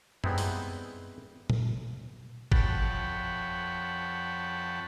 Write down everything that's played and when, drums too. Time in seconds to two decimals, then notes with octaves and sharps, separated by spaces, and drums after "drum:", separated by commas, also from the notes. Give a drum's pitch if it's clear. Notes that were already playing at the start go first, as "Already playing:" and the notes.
0.24 G3 G#3 B3 C4 D#4 E4, drum: tom F#2
0.38 drum: open hi-hat
1.50 drum: tom A#2
2.52 F2 C#5 F#5 G5 A5 B5, drum: kick G1